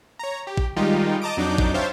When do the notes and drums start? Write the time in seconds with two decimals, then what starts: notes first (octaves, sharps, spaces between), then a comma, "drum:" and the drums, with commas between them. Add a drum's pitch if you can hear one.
0.19 C#5 A#5
0.47 G4
0.57 drum: kick A1
0.76 D#3 G3 G#3 D#4 F4 G4
1.22 D#5 A5 A#5 D6 D#6 D7
1.37 F2 F#3 D4 D#4 D6 G6
1.58 drum: kick A1
1.74 C5 C#5 E5 F5 G5 A5